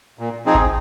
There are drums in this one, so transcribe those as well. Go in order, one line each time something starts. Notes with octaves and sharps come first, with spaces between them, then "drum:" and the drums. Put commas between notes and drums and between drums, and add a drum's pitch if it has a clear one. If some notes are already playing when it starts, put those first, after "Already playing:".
A#2
F3 C4 D#4 G#4
drum: kick G#1